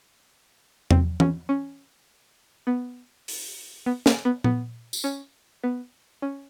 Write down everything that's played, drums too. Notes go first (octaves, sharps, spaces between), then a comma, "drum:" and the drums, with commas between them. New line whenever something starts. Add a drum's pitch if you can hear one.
C4, drum: tom E2
C#4, drum: tom E3
C#4
B3
drum: open hi-hat
B3
A#3, drum: snare
B3
B3, drum: tom A#2
drum: tambourine
C#4
B3
C#4